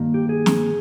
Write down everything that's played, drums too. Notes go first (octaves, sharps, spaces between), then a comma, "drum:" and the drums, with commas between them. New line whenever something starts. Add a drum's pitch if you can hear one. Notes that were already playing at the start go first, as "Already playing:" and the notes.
Already playing: G2 D#3 A#3
G4
G#4
drum: snare